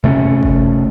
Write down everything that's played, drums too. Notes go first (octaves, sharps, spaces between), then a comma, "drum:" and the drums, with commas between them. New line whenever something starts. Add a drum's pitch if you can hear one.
C3 A3 C4 C#4
drum: kick G1